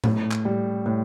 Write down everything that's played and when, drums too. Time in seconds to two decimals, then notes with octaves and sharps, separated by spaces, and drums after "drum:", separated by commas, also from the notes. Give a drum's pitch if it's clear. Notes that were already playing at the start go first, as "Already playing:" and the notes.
0.04 A2, drum: tom A2
0.31 drum: clap
0.45 G3
0.86 A2